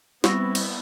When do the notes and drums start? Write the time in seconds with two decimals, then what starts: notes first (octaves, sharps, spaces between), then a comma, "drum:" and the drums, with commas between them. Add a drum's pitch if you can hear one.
0.24 G3 B3 C4 E4 C#6 E6 A#6, drum: snare
0.55 drum: cymbal